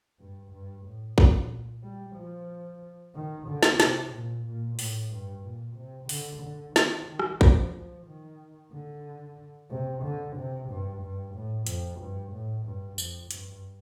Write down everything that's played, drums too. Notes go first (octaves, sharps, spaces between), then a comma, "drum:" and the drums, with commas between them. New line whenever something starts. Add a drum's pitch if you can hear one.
G2
G2
A2
A#2, drum: kick
G3
F3
D#3
D3
drum: snare
C3, drum: snare
A#2
A#2
A2, drum: open hi-hat
G2
A#2
C3
D3, drum: open hi-hat
D3
D#3, drum: snare
D#3
drum: rim click
F3, drum: kick
F3
D#3
D3
C3
D3
C3
G2
G2
A2
F2, drum: hi-hat
G2
A2
G2
F2, drum: tambourine
G2, drum: hi-hat